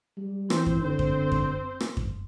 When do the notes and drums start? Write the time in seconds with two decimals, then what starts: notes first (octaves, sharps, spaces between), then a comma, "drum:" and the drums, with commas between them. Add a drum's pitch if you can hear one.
0.17 G3
0.50 E3 C4 C5, drum: rim click
0.66 drum: kick F#2
0.82 D3 C4 C5
0.99 drum: kick F#2
1.32 drum: kick F#2
1.80 drum: rim click
1.97 drum: kick F#2